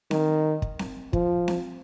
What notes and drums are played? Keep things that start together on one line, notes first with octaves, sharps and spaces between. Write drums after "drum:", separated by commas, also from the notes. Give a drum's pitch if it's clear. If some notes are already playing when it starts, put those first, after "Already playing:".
D#3, drum: snare C4
drum: kick
drum: snare C4
F3, drum: kick
drum: snare C4